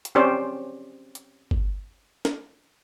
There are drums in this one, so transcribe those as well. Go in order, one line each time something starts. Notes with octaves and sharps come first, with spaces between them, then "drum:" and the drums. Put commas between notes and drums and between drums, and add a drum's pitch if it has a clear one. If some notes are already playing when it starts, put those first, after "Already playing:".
drum: hi-hat
C4 C#4 G4 C5 D5
drum: hi-hat
drum: kick G1
drum: snare